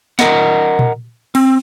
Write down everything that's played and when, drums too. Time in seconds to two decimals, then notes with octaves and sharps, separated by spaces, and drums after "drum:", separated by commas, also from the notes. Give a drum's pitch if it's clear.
0.19 A#4 D#5 F#5, drum: snare
0.79 drum: tom A#2
1.35 C4, drum: cymbal